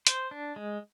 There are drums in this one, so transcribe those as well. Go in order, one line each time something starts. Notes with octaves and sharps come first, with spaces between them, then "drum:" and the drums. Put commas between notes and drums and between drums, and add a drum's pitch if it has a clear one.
C5, drum: hi-hat
D4
G#3